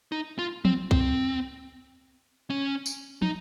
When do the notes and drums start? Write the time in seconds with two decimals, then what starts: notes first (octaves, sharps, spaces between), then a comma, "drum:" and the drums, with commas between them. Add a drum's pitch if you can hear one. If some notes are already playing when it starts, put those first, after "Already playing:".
0.12 D#4
0.39 F4
0.65 C4, drum: tom
0.91 C4, drum: kick C2
2.50 C#4
2.86 drum: tambourine
3.22 D#4, drum: tom